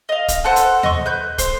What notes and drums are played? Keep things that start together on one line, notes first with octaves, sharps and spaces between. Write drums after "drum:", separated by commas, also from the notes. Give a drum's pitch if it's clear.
D#5 F5
drum: kick, hi-hat
A4 B4 C5 F#5
drum: hi-hat
D#5 C#6, drum: tom D#2
B4 G6
C5, drum: kick, hi-hat